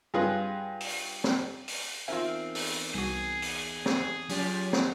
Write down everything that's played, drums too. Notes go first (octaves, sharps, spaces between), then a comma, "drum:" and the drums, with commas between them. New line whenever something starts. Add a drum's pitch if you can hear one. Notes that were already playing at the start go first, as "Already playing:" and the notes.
G2 F4 G#4 B4 F#6
drum: open hi-hat
drum: snare
drum: open hi-hat
E2 C4 D#4 F4 A#4 E5 G#5
drum: open hi-hat
C2 F#4 G#4
drum: open hi-hat
drum: snare
F#3 C#4 F4 G4, drum: open hi-hat
drum: snare